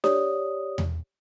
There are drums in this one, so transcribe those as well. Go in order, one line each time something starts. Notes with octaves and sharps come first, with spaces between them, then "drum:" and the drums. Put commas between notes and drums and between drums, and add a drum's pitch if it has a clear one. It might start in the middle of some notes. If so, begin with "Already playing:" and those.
G4 C#5 D5 D#6, drum: snare D4
drum: tom E2